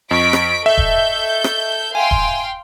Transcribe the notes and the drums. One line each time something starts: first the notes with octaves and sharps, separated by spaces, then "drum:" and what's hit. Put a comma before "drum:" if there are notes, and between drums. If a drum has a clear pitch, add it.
F2 D#5 C#6 B6 D7
drum: rim click
A4 E5 G6
drum: kick D#1
drum: rim click
F5 G5 G#5 C6
drum: kick D#1